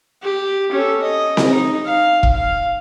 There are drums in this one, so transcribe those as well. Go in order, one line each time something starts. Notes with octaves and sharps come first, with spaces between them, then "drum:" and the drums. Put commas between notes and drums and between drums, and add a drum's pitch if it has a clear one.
G4
C#4 A4
D#5
drum: snare C4
D#4
F5
drum: kick
F5